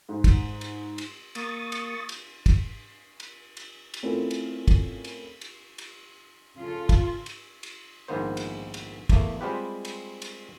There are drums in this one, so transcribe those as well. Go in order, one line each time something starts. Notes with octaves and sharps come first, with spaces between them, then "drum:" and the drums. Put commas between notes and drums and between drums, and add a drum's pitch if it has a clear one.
G#2
drum: kick, cymbal
drum: cymbal
drum: cymbal
A#3 C#6 D#6 A6, drum: cymbal
drum: cymbal
drum: cymbal
drum: kick, cymbal
drum: cymbal
drum: cymbal
drum: cymbal
A3 C4 C#4 E4 F4 A#4
drum: cymbal
drum: kick, cymbal
drum: cymbal
drum: cymbal
drum: cymbal
C#3 F4 A4
drum: kick, cymbal
drum: cymbal
drum: cymbal
A#1 G#2 D#3 A#3 B3 C5
drum: cymbal
drum: cymbal
E2 A3 A#3, drum: kick, cymbal
G3 G#3 C4 F4 G4 B4
drum: cymbal
drum: cymbal